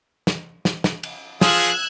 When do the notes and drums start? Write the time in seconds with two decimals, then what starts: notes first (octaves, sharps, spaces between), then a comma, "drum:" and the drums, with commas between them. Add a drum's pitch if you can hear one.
0.27 drum: snare
0.65 drum: snare
0.84 drum: snare
1.03 drum: cymbal
1.41 F3 F4 G#4 E6 F#6 G#6, drum: snare